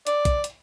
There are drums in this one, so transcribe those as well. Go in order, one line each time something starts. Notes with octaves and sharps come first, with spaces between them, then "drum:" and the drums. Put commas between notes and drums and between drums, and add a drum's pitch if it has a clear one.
D5, drum: hi-hat
drum: kick, hi-hat
drum: hi-hat